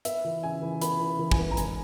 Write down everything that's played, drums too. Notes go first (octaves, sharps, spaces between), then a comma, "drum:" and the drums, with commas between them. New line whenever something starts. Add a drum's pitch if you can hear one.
B3 E5, drum: hi-hat
E3
C#3 G#5
E3
B3 B5, drum: hi-hat
E3
E3
G#5, drum: kick
B3
A#5
G#2 G#5, drum: hi-hat